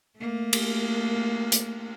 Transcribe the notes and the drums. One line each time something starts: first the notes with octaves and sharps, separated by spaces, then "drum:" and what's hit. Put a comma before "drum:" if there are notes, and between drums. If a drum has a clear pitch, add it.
A3 A#3
drum: cymbal
drum: hi-hat